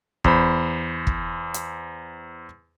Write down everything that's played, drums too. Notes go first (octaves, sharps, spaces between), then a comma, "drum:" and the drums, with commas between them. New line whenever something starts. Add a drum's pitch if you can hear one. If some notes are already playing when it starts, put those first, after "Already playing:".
E2 C5 B5, drum: kick
drum: kick
drum: hi-hat